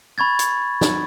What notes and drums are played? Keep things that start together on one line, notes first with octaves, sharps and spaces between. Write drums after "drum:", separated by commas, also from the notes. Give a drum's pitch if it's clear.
B5 C#6 G#6 A6
drum: hi-hat
drum: snare